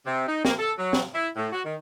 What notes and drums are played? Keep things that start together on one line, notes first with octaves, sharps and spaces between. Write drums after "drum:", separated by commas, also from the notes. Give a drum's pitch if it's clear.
C3
D#4
A#3, drum: snare
A4
F#3
drum: snare
E4
A2
F#4
D#3